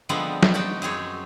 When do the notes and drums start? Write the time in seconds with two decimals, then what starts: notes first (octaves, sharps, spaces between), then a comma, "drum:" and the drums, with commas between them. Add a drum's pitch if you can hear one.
0.09 D3 F3 G3 G#3 B3 C4
0.43 drum: snare
0.54 D#4 F#4 G4 F#5 G5 A5
0.82 F#2 C4 G#4 C#5